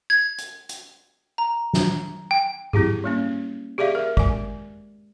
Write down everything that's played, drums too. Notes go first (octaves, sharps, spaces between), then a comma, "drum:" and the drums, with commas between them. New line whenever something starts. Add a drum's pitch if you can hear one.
G#6
drum: hi-hat
drum: hi-hat
A#5
drum: snare
G5
C4 E4 G4 G#4, drum: tom G#2
G3 A#3 C#4
G4 G#4 D5 E5 F5
A#4 E5
G#3 G#5, drum: kick G#1